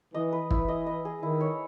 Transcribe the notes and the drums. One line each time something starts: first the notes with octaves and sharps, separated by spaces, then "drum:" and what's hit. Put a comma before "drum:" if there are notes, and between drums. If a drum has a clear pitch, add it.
E3 D#5
B4
E3 E4, drum: kick
D#5
D#5
G#4
D#3 E4
C#5